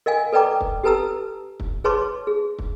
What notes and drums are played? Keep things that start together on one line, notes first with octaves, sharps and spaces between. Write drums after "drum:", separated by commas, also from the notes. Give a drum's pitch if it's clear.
A#4 D#5 F5 G#5
A4 B4 D5 G5 A#5 D6
drum: kick
G4 A4 B4 A5 A#5 E6
drum: kick
G#4 B4 C#5 A5 C6 D6
G#4
drum: kick